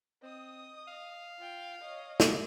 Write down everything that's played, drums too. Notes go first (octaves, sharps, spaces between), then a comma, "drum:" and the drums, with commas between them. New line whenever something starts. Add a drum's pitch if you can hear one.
C4 D#5 D#6
F5
F4 G5
C#5 D#5
drum: snare